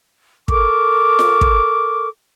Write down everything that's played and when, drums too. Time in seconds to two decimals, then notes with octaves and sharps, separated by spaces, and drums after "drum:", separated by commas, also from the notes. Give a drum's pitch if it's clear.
0.48 A4 A#4 C#6 D6, drum: kick
1.19 drum: snare F4
1.41 drum: kick